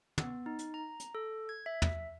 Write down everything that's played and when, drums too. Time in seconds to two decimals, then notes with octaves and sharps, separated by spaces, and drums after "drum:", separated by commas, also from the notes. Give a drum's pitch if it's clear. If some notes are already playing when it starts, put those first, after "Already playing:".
0.18 B3, drum: tom
0.46 D#4
0.59 drum: hi-hat
0.74 A#5
1.00 drum: hi-hat
1.15 A4
1.49 G#6
1.66 E5
1.82 drum: tom